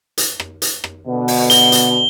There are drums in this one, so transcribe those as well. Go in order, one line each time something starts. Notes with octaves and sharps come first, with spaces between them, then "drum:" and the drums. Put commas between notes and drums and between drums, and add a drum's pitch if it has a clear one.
drum: hi-hat
drum: rim click
drum: hi-hat
drum: rim click
B2 D3
drum: open hi-hat
G7, drum: hi-hat
drum: hi-hat